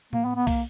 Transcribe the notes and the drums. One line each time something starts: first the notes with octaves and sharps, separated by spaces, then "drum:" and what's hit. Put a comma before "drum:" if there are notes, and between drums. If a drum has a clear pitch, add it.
A#3, drum: tom A2
B3
B3
A#3, drum: kick, open hi-hat